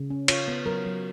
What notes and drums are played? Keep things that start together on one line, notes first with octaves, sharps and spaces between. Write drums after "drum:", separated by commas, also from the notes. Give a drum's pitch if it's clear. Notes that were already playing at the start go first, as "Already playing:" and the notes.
Already playing: C#3
C#4
F4 C#5, drum: cymbal
B3
F#3 A#4
F#3